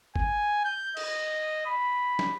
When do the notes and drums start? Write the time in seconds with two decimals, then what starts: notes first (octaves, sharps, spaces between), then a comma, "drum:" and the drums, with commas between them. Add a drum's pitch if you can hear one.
0.16 G#5, drum: kick G1
0.65 G6
0.97 D#5, drum: cymbal
1.66 B5
2.19 drum: snare